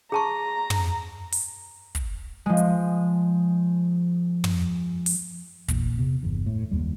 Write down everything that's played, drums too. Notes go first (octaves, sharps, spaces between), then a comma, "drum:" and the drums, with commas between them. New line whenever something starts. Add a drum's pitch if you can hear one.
G#4 A5 A#5 C#6
drum: tom
drum: open hi-hat
drum: kick, hi-hat
F3 G#3
drum: hi-hat
drum: tom
drum: open hi-hat
A#1 E2, drum: kick, hi-hat
C3 B3
G1 E2
A2
F#1 D#2 G3